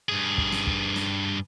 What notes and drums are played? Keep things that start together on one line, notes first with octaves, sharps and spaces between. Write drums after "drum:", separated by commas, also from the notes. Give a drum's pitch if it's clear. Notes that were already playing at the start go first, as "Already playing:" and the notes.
G2 G#4
drum: kick
drum: snare
drum: kick
drum: snare